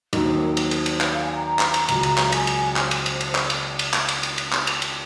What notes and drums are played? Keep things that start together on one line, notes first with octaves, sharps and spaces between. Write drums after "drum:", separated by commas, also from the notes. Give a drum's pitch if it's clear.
D#2 D#3 F#3, drum: cymbal
C5
A#4
A#4
C5, drum: cymbal
drum: cymbal
drum: cymbal
C#5, drum: clap
F5
G#5
A#5
drum: clap
drum: cymbal
C#2 C#3 F#3, drum: cymbal
drum: cymbal
drum: clap
G#5, drum: cymbal
drum: cymbal
C5, drum: clap
drum: cymbal
drum: cymbal
drum: cymbal
drum: clap
drum: cymbal
drum: cymbal
drum: clap
drum: cymbal
drum: cymbal
drum: cymbal
drum: clap
drum: cymbal
drum: cymbal